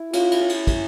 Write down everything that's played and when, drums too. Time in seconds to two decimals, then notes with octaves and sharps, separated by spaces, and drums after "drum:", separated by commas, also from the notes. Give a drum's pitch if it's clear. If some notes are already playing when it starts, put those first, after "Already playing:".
Already playing: E4
0.13 C#4 F4, drum: cymbal
0.31 E4, drum: cymbal
0.40 C#4
0.49 drum: cymbal
0.67 drum: kick, cymbal